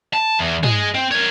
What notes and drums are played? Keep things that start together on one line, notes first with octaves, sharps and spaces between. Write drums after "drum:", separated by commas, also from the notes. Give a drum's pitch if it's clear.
A5
E2
G#4 D#5, drum: tom
C4
A#4 C#5